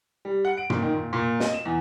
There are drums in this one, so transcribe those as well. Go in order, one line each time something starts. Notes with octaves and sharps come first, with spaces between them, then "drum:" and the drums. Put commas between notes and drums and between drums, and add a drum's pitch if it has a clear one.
G3
F#5
D7
A#2, drum: tom
D#3
A#2
A#2
D#5, drum: snare
E7
E2